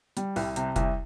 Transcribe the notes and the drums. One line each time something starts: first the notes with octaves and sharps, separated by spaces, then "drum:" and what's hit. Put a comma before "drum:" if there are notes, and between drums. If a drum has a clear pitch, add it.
G3, drum: hi-hat
C2, drum: open hi-hat
C3, drum: hi-hat
C2, drum: kick F1, hi-hat